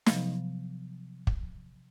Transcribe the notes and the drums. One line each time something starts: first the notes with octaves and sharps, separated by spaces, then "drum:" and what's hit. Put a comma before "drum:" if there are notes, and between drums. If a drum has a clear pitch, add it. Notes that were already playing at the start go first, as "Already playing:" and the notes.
C3 F3 F#3 B3, drum: snare
drum: kick